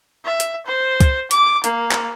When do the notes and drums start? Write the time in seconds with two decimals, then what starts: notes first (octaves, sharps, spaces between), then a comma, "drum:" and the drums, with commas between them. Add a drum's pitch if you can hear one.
0.24 E5
0.40 drum: hi-hat
0.66 C5
1.00 drum: kick, hi-hat
1.31 D6, drum: hi-hat
1.64 A#3, drum: hi-hat
1.91 drum: clap